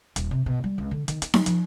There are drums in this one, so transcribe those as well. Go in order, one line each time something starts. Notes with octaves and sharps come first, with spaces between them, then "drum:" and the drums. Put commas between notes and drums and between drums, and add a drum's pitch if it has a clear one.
D#1, drum: hi-hat
C3
B2
G3
C#2
D3
D#3, drum: hi-hat
D#4, drum: hi-hat
F#3, drum: snare D#4
F3, drum: hi-hat